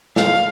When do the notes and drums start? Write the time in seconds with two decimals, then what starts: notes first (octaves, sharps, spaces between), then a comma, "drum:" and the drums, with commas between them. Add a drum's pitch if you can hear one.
0.16 F5, drum: snare